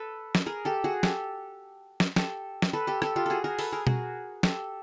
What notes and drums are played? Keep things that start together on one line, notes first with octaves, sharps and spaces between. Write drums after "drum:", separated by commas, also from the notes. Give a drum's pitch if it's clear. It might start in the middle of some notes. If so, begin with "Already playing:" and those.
Already playing: A4 B4
drum: snare
G#4 A#4
G4 A4
F#4 G#4
G4 A4, drum: snare
drum: snare
G4 A4, drum: snare
drum: snare
A4 B4
G4 A4
G4 A4, drum: rim click
F4 G4
F#4 G#4 A4
G#4 A#4
A4 B4, drum: open hi-hat
G#4 A#4
F#4 G#4, drum: tom B2
G4 A4, drum: snare